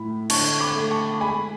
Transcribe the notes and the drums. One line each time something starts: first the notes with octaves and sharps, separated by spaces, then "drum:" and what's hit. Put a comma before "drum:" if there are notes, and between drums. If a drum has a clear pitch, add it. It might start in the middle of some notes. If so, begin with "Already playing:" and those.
Already playing: A2 A3 B5
D3 A5 C#6, drum: cymbal
B5 D6
A3
A5 C#6
G#3 G#5 B5